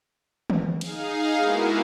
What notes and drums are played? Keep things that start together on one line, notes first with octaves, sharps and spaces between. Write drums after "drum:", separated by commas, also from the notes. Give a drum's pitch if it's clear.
drum: tom
D#4 G#4 F5, drum: cymbal
G#3 A#3 B3 E4 F#4 A#4